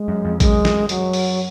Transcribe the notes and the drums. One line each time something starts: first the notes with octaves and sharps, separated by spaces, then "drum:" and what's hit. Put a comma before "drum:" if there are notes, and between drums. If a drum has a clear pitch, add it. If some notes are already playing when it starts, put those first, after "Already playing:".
Already playing: G#3
F#2
F2
F#2 G#3, drum: kick A1, hi-hat
drum: snare
F#3, drum: hi-hat
drum: open hi-hat